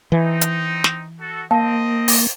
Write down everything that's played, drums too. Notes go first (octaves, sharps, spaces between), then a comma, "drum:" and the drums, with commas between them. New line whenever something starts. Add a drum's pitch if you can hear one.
E3 C4 D#4
drum: hi-hat
drum: snare
F#4 A4
A#3 C4 D#5 A5
drum: open hi-hat